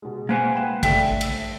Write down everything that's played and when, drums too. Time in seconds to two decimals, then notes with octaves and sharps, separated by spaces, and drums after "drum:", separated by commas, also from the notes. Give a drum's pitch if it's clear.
0.02 B2 G#3
0.29 G#3 A#3 B4 C5 F#5 G#5 D7
0.54 G5 B5 E7
0.83 A3 D4 A4 E5 G5, drum: kick, cymbal
1.21 drum: cymbal